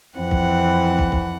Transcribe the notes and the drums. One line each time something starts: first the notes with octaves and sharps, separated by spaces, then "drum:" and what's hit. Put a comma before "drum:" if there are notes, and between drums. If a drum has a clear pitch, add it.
F2 E3 C4 F#5
drum: kick
drum: kick
drum: kick